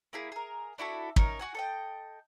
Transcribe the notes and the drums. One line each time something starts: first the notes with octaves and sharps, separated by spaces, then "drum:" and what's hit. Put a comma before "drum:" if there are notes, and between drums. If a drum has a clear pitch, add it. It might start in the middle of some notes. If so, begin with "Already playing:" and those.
A#3 E4 G#4
G#4 A#4
D4 E4 F#4 A4
C#4 D#4 A#4, drum: kick
F#4 F#5 G#5
A4 D#5 G5